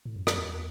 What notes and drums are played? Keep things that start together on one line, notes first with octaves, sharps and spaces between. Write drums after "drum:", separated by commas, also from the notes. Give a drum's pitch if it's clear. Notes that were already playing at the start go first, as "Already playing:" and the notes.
A2
F#2
F#2, drum: rim click
E2